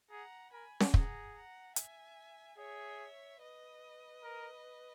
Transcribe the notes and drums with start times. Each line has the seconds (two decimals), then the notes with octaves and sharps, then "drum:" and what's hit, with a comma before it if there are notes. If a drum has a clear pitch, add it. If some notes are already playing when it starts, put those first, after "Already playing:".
0.11 G#4 F#5 A#5
0.52 A#4 G#5 B5
0.80 drum: snare C#4
0.94 G#4 F#5 A#5, drum: kick
1.35 F#5 A#5
1.76 E5 G#5, drum: hi-hat
2.58 G#4 C#5 E5
3.41 B4 D#5
4.23 A#4